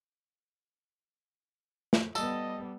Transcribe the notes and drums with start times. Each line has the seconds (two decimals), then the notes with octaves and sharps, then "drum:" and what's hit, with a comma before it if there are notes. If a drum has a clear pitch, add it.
1.93 drum: snare
2.15 G3 B3 A4 D#5, drum: tambourine